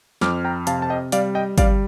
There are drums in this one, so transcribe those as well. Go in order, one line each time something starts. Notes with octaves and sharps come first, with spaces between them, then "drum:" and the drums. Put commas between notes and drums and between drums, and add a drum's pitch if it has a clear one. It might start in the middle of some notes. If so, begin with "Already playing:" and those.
F2 D6 F6, drum: snare
G5 A#5
C3 F5 A5, drum: hi-hat
A5
D#5 G5
G3 D5 F5, drum: hi-hat
D#5 G5
G3 D5 F5, drum: kick, hi-hat